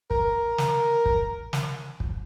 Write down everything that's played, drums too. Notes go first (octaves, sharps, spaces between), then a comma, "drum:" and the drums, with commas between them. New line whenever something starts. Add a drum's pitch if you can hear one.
A#4, drum: kick
drum: snare
drum: kick
drum: snare
drum: kick